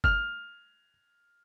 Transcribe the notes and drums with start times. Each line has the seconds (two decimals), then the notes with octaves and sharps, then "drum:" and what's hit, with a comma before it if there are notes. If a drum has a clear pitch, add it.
0.04 F6, drum: kick